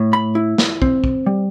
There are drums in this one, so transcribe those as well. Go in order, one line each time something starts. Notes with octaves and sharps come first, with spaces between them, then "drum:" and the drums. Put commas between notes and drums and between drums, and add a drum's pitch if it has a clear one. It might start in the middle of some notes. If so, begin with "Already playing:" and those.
Already playing: A2
B5
E4
drum: snare
C4, drum: kick
drum: kick
G3